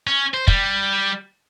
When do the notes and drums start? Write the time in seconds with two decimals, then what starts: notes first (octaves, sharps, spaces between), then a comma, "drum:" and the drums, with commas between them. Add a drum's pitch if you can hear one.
0.07 C#4
0.34 C5
0.48 G3, drum: kick